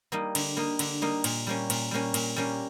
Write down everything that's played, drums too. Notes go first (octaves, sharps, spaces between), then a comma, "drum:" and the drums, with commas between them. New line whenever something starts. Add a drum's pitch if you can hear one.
G3 A#3 D#4
D3, drum: cymbal
G3 A#3 D#4
D3, drum: cymbal
G3 A#3 D#4
A#2, drum: cymbal
G3 A#3 C#4
A#2, drum: cymbal
G3 A#3 C#4
A#2, drum: cymbal
G3 A#3 C#4